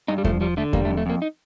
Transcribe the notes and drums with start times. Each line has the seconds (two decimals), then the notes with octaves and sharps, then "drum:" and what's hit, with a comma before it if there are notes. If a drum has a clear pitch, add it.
0.08 G2 D#4
0.18 G3
0.24 F3 A3, drum: kick E2
0.41 F3 G3
0.57 D3 A3
0.73 G3 A#3, drum: kick E2
0.85 A3
0.90 F2
0.98 A3
1.06 F2 A#3
1.22 D#4